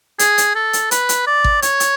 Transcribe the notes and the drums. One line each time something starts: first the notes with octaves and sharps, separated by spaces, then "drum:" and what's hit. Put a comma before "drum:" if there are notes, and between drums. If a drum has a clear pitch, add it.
G#4, drum: hi-hat
drum: hi-hat
A4
drum: hi-hat
B4, drum: hi-hat
drum: hi-hat
D5
drum: kick G#1
C#5, drum: hi-hat
drum: hi-hat